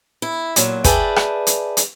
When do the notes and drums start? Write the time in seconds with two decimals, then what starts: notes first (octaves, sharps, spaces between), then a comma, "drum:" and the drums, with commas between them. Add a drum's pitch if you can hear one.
0.22 E4
0.56 A#2 F#3, drum: hi-hat
0.84 G#4 B4 D5 E5 G5 A5, drum: kick, hi-hat
1.16 drum: rim click
1.47 drum: hi-hat
1.77 drum: hi-hat